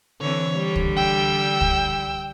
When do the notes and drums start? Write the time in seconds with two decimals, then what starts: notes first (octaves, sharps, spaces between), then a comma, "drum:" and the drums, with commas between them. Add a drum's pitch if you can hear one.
0.21 D3 E3 C4 C#5
0.52 D3 G3
0.76 drum: kick
0.97 G5 E6
1.61 drum: kick